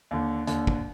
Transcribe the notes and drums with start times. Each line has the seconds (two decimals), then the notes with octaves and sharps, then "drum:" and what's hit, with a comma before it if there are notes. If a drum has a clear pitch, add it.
0.11 D#2 D3
0.47 D#2 D3, drum: hi-hat
0.67 drum: kick